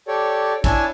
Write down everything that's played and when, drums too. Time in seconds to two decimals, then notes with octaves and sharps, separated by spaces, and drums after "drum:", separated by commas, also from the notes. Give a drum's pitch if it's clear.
0.08 G4 A4 C#5 D5
0.64 D4 E4 C#5 G#5 A5 E6, drum: kick, cymbal